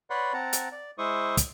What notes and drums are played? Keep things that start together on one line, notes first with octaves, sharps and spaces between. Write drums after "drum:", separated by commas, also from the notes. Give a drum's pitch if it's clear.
B4 C#5 D5 F#5 B5 C6
C4 F#5 A5 A#5
drum: hi-hat
D5
G#3 E4 C5 C#6 D#6
drum: kick, hi-hat